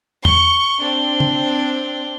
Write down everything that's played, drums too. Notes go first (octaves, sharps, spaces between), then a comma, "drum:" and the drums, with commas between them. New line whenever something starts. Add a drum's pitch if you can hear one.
C#6 G7, drum: tom E2
C4 D4
drum: tom C#3